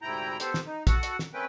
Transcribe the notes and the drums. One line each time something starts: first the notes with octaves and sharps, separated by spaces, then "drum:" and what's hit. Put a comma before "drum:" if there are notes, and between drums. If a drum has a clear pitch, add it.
D2 G#2 C3 E4 G5 A#5
B3 G4 A4 C5, drum: hi-hat
drum: snare
D#4
F#4 A4 F#5, drum: kick, hi-hat
drum: hi-hat
drum: snare
A3 A#3 C4 C#4 B4 G5